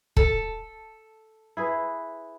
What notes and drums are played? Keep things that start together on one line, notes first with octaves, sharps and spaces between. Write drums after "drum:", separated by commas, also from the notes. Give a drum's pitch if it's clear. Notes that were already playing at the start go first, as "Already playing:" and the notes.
A4, drum: kick
E4 G#4 B4